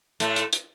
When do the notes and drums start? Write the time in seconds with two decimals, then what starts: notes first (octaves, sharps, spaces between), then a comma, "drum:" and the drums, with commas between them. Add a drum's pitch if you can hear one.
0.20 A2 A3, drum: hi-hat
0.36 drum: hi-hat
0.53 drum: hi-hat